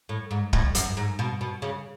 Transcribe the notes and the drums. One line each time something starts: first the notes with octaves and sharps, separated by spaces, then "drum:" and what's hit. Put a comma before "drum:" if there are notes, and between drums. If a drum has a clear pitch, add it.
A2
G#2
A2, drum: kick
F#2, drum: hi-hat
G#2
B2
B2
C#3